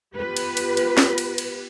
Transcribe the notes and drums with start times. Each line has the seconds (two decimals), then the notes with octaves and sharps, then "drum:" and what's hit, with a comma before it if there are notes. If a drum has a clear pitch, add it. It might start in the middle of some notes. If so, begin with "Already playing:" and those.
0.16 B3 F4 G4 B4
0.37 drum: cymbal
0.57 drum: cymbal
0.77 drum: cymbal
0.97 drum: snare
1.18 drum: cymbal
1.38 drum: cymbal